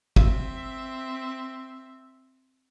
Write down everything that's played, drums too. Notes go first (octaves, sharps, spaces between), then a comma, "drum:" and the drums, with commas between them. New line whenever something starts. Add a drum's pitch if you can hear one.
C4 E5, drum: kick G1